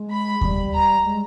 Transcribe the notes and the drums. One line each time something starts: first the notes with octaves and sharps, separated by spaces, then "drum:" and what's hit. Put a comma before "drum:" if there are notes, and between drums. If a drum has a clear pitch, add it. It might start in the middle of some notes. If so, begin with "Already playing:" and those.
Already playing: G#3
B5
G3, drum: kick D#2
A#5
G#3